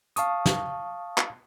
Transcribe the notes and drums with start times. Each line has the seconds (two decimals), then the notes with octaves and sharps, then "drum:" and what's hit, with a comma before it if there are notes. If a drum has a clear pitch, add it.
0.16 F5 A5 C#6 D#6, drum: hi-hat
0.46 drum: snare
1.18 drum: clap